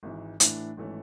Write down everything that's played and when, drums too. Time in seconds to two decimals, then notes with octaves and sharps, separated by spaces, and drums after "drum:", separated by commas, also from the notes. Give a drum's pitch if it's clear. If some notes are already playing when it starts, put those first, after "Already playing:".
0.03 G#1 G#2 E3
0.40 A2 E3 A3 D4, drum: hi-hat
0.77 G#1 E3 A3 C#4